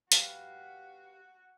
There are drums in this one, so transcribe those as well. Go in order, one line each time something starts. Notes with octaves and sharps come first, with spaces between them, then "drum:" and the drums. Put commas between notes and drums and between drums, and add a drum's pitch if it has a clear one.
F#4 G4 B4 F5, drum: hi-hat